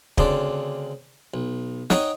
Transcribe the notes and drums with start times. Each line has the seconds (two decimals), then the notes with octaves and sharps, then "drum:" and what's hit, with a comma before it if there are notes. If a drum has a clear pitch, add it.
0.18 D2 C#3 C4 D4 D5, drum: kick
1.34 B1
1.90 D#4 C#5 D#5 F#5 G5, drum: snare